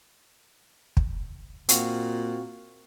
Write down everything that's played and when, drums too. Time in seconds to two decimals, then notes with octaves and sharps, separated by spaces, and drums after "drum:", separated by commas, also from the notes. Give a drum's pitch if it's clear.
0.97 drum: kick
1.69 A#2 C4 F#4 F5, drum: hi-hat